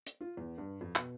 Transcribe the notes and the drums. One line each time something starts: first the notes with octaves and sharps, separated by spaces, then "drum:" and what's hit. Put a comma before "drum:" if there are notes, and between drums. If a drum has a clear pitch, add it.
drum: hi-hat
F4
E2
G2
F2
B2, drum: clap